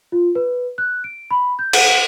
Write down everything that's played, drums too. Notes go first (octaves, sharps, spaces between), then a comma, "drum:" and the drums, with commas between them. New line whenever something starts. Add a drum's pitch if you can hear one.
F4
B4
F#6
D7
B5
G6
F#5, drum: cymbal